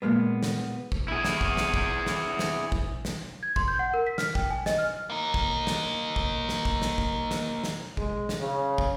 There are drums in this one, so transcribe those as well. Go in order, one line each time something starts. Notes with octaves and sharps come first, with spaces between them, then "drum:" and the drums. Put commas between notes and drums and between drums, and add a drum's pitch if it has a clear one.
A#2 F3 G#3 A#3 B3
drum: snare
drum: kick
E4 G#4
drum: snare
drum: kick
drum: snare
drum: kick
drum: snare
drum: snare
drum: kick
drum: snare
G#6
C6, drum: kick
G6
F#5
A#4
B6
F6, drum: snare
G5, drum: kick
G#5
D#5, drum: snare
F6
A#3 D#4
drum: kick
drum: snare
drum: kick
drum: snare
drum: kick
drum: snare
drum: kick
drum: snare
drum: snare
G#3, drum: kick
drum: snare
C#3
drum: kick